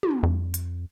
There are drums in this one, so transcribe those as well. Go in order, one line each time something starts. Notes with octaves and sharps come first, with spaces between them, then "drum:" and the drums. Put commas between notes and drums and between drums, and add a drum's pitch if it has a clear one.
drum: tom
F2
drum: hi-hat